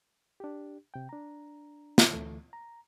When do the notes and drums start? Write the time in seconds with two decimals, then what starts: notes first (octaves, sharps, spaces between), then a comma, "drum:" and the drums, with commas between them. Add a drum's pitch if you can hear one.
0.40 D4 G4
0.94 C3 G5
1.09 D4 A#5
1.98 drum: snare
2.13 D2 E3 A3
2.53 A#5